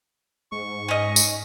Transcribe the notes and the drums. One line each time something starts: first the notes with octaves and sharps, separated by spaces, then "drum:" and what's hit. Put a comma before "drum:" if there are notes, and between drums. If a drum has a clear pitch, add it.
G#2 C#6
C#4 D#5
drum: tambourine